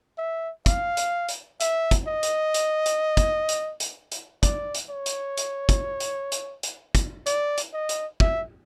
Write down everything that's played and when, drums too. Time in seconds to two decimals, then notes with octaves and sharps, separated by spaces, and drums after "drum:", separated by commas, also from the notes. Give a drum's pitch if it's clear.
0.18 E5
0.66 F5, drum: kick, hi-hat
0.97 drum: hi-hat
1.28 drum: hi-hat
1.60 E5, drum: hi-hat
1.91 drum: kick, hi-hat
2.08 D#5
2.23 drum: hi-hat
2.54 drum: hi-hat
2.86 drum: hi-hat
3.17 drum: kick, hi-hat
3.49 drum: hi-hat
3.80 drum: hi-hat
4.11 drum: hi-hat
4.43 D5, drum: kick, hi-hat
4.74 drum: hi-hat
4.90 C#5
5.06 drum: hi-hat
5.37 drum: hi-hat
5.69 drum: kick, hi-hat
6.00 drum: hi-hat
6.32 drum: hi-hat
6.63 drum: hi-hat
6.95 drum: kick, hi-hat
7.26 D5, drum: hi-hat
7.57 drum: hi-hat
7.73 D#5
7.89 drum: hi-hat
8.20 E5, drum: kick